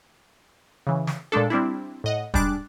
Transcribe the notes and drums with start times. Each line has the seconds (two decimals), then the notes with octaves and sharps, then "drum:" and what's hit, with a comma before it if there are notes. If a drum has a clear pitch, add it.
0.87 C#3 E3
1.07 drum: snare
1.32 A#2 G#3 A3 D4 A4
1.50 G3 C4 D4 E4
2.04 A2 D#5 F#5
2.34 G3 G#3 D4 D6 F#6 A6, drum: kick